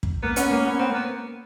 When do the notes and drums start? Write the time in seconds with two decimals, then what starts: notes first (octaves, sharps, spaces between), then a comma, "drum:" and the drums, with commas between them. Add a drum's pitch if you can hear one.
0.03 drum: kick
0.23 A#3 B3
0.36 B3 C#4, drum: hi-hat
0.51 A#3
0.66 B3 C#4
0.79 B3 C4
0.89 A#3
0.94 B3